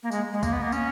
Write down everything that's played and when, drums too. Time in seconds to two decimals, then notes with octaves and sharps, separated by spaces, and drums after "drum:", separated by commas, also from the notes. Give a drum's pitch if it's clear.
0.03 A#3
0.12 G#3, drum: tambourine
0.33 G#3
0.43 A#3, drum: kick, tambourine
0.53 B3
0.62 A#3
0.72 C#4, drum: tambourine